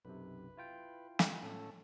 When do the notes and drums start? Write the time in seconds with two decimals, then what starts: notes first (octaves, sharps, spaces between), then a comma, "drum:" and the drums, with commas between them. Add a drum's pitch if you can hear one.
0.05 B1 F#2 C3 B4
0.57 E4 F4 G5
1.19 drum: snare
1.42 A2 C#4 A4